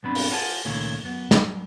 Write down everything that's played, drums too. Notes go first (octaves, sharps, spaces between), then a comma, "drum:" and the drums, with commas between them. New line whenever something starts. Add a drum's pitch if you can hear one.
B1 G2 B3 C4 D4 B5
drum: open hi-hat
F4 F#5 G#5 A5
C#2 A#2 D#3 A3 C#4
F#2 B3
F#2, drum: snare